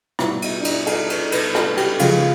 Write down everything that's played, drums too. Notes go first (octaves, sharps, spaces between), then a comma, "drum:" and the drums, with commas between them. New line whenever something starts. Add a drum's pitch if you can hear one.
B2 G3 B3 E4, drum: rim click
D#4, drum: cymbal
D4
D#4, drum: cymbal
A4, drum: cymbal
B4, drum: cymbal
B4, drum: cymbal
A4, drum: rim click
G4, drum: cymbal
C#3 F3 G#3 F4, drum: cymbal